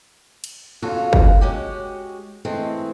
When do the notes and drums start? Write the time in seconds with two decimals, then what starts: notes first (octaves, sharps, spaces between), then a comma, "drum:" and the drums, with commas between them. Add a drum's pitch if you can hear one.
0.44 drum: cymbal
0.82 F2 C#3 F4 F#4 A4
1.13 drum: kick
1.41 G#3 C#4 F#4 G4
2.45 E3 G#3 A3 C4